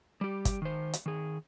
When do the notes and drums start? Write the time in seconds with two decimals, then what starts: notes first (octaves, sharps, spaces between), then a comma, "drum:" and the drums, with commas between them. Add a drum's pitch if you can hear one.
0.21 G3 G4
0.45 drum: kick, hi-hat
0.62 D#3 C5
0.93 drum: hi-hat
1.06 D#3 G#4